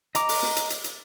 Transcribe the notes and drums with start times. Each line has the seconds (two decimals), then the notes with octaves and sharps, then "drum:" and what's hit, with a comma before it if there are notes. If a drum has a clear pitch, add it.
0.15 D#5 A#5 D6, drum: hi-hat
0.29 drum: open hi-hat
0.43 drum: snare
0.56 drum: hi-hat
0.70 drum: hi-hat
0.84 drum: hi-hat